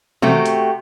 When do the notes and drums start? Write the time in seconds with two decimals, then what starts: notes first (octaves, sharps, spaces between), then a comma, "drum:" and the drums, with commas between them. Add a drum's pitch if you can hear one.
0.22 C3 A3 F#4 G4, drum: tom
0.46 drum: hi-hat